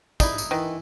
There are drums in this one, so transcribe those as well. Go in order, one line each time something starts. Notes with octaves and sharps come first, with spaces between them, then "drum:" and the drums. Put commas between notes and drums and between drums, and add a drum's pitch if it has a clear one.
D#4 E4 D5, drum: kick, tambourine
drum: tambourine
D#3 E3 B4